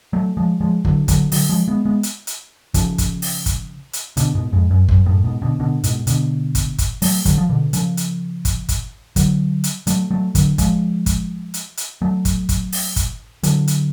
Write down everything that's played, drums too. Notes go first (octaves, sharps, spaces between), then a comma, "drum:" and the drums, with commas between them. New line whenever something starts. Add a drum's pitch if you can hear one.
F#3 A3
F3 G#3
F3 G#3
D3 F#3, drum: kick
D3 F#3, drum: kick, hi-hat
D3 F#3, drum: open hi-hat
F3 G#3
G#3 B3
G#3 B3
drum: hi-hat
drum: hi-hat
C#3 F3, drum: kick, hi-hat
drum: kick, hi-hat
drum: open hi-hat
drum: kick, hi-hat
drum: hi-hat
B2 D3, drum: hi-hat
G#2 B2
F2 G#2
F#2
F#2, drum: kick
F#2 A2
G#2 B2
B2 D3
B2 D3
G#2 B2, drum: hi-hat
B2 D3, drum: hi-hat
drum: kick, hi-hat
drum: kick, hi-hat
F#3 A3, drum: open hi-hat
D3 F#3, drum: kick, hi-hat
F3
B2 D3
C#3 F3, drum: hi-hat
drum: hi-hat
drum: kick, hi-hat
drum: kick, hi-hat
D3 F#3, drum: kick, hi-hat
drum: hi-hat
F#3 A3, drum: hi-hat
F#3 A3
D3 F#3, drum: kick, hi-hat
F3 G#3, drum: kick, hi-hat
drum: kick, hi-hat
drum: hi-hat
drum: hi-hat
F#3 A3
drum: kick, hi-hat
drum: kick, hi-hat
drum: open hi-hat
drum: kick, hi-hat
D3 F#3, drum: hi-hat
drum: hi-hat